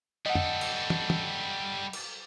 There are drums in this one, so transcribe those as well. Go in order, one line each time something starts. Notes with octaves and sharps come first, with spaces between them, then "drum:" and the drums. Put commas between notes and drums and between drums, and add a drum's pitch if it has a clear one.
G3 A4 D#5 F#5
drum: tom
drum: cymbal
drum: tom
drum: tom
drum: cymbal